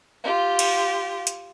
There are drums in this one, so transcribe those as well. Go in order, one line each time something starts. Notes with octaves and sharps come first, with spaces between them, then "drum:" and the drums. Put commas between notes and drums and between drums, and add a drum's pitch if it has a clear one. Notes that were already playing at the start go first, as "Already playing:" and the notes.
F4 G4
drum: cymbal
drum: hi-hat